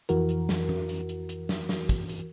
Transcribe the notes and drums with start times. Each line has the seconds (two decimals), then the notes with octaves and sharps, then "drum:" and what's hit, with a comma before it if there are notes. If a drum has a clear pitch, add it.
0.09 F2 E3 F#4 A#4, drum: hi-hat
0.29 drum: hi-hat
0.49 drum: snare
0.69 drum: tom
0.89 drum: hi-hat
1.09 drum: hi-hat
1.29 drum: hi-hat
1.49 drum: snare
1.69 drum: snare
1.89 drum: kick, hi-hat
2.09 drum: hi-hat